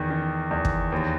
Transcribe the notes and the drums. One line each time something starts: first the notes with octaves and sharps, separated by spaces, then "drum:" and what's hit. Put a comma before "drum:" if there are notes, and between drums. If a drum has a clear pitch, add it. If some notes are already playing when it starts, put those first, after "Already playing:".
Already playing: E2 D#3
D#3
E2
drum: kick
D#2